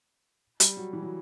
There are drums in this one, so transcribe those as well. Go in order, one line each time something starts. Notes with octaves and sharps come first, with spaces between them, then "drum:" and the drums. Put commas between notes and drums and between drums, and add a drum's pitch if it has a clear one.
G3, drum: hi-hat
F#3
E3
F#3